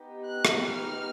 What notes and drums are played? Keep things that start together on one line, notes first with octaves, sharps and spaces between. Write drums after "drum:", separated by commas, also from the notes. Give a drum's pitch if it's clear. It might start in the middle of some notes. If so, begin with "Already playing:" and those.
Already playing: B3 D#4 G4
F#6
drum: rim click
F6